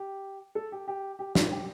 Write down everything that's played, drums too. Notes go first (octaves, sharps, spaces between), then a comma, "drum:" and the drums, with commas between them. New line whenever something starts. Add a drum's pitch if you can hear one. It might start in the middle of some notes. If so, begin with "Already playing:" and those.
Already playing: G4
A4
G4
G4
G4
F4, drum: snare
G4